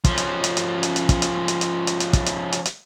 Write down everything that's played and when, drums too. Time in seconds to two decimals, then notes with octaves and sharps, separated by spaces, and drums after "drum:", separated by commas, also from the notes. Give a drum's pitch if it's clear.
0.04 F3 C#4, drum: kick, hi-hat
0.18 drum: hi-hat
0.44 drum: hi-hat
0.57 drum: hi-hat
0.83 drum: hi-hat
0.96 drum: hi-hat
1.09 drum: kick, hi-hat
1.22 drum: hi-hat
1.48 drum: hi-hat
1.61 drum: hi-hat
1.87 drum: hi-hat
2.00 drum: hi-hat
2.13 drum: kick, hi-hat
2.26 drum: hi-hat
2.52 drum: hi-hat
2.65 drum: hi-hat